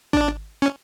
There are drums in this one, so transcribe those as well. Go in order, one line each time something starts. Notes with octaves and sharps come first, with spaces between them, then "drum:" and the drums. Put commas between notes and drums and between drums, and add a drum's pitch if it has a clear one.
D4, drum: kick G#1
C#4